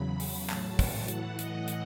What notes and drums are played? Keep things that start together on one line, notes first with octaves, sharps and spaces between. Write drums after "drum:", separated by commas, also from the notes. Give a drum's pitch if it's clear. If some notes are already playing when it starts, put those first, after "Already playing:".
Already playing: E2 C#3 F#3 B5
drum: open hi-hat
A2 F#3 A5, drum: clap
drum: kick, open hi-hat
A2 E3 F#5, drum: hi-hat
D#5, drum: hi-hat
drum: hi-hat